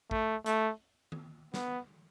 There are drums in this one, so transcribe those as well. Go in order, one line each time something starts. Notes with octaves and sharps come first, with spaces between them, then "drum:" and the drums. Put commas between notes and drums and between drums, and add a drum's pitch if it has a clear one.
A3, drum: kick A1
A3, drum: hi-hat
drum: tom D#3
B3, drum: snare